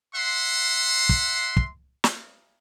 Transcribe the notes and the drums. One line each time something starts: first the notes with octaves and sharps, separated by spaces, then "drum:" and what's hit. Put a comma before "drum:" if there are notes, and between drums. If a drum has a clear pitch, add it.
E5 F#5 C6
drum: kick
drum: kick
drum: snare